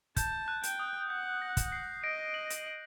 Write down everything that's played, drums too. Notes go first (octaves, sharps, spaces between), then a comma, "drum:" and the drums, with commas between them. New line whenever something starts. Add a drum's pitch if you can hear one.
A5 G6, drum: kick, hi-hat
F#6
G5, drum: hi-hat
D#6
F#5 G6
A#6
drum: kick, hi-hat
C7
D#5 A#6 D7
D7 F#7
drum: hi-hat
D7 F#7